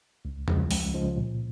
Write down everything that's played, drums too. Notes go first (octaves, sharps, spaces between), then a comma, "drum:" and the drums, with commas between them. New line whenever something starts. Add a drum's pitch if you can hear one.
C#2
C#3 F3 G#3, drum: tom E2
C#2, drum: open hi-hat
C#3 F3 G#3
A#2